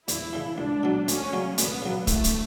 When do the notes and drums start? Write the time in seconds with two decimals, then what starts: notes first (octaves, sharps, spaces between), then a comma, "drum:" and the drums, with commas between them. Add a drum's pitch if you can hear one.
0.08 E2 E4, drum: hi-hat
0.33 C#3 E3
0.58 C#2 D4
0.83 B2 F#3
1.08 D2 C#4, drum: hi-hat
1.33 C#3 F#3
1.58 D2 B3, drum: hi-hat
1.82 C#3 F#3
2.07 A2 A3, drum: kick, hi-hat
2.24 drum: hi-hat